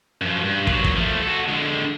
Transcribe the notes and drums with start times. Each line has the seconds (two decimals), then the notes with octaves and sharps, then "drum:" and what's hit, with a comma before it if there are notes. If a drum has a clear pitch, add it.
0.21 F#2 F3
0.43 G2
0.67 A#2 F#3, drum: kick
0.84 drum: kick
0.96 F3 A3
1.23 F#4 A4
1.48 D3 G#3